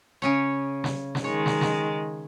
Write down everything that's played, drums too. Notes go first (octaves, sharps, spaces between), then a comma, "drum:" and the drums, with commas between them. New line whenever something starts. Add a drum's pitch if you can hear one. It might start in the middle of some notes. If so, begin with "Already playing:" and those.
C#3 C#4 C#5
drum: snare
drum: snare
D#3 G#3 C#5
drum: snare
drum: snare